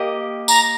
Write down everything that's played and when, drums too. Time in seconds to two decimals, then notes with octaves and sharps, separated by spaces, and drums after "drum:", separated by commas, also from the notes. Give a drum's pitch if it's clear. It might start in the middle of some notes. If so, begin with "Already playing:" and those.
Already playing: A#3 G4 D#5
0.48 A#5, drum: tambourine